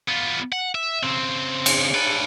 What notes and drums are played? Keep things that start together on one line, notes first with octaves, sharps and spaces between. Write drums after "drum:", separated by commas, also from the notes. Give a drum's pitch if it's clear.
B3 F4
F#5
E5
C#3 C4
drum: cymbal
A4 B4